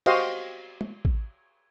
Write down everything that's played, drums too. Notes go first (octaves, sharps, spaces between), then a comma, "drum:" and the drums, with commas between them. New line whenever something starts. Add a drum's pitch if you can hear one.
F#4 G4 C5 D#5 F5, drum: cymbal
drum: tom
drum: kick A1